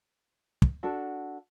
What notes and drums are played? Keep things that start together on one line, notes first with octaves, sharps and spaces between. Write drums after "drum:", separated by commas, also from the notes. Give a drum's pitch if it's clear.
drum: kick
D4 F#4 A4